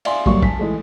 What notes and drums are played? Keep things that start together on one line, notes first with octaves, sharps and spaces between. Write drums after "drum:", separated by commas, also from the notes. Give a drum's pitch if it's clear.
D5 E5 F5 G#5 C6, drum: cymbal
G2 F#3 G3 A#3 C#6, drum: kick
G#5 A5 B6, drum: kick
E3 G#3 A3